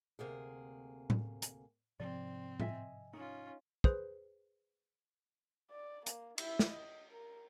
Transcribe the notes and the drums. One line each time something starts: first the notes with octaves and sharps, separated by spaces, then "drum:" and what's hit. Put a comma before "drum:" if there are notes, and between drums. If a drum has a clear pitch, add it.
D2 C3 A#3 G#4
drum: tom A2
drum: hi-hat
G#2 C3 F3 C4 D5
D#5 E5 G#5, drum: tom A2
C#4 D#4 F4
G#4 B4 C5, drum: kick
D5
A#3, drum: hi-hat
E4 E5, drum: cymbal
drum: snare
D#5
A#4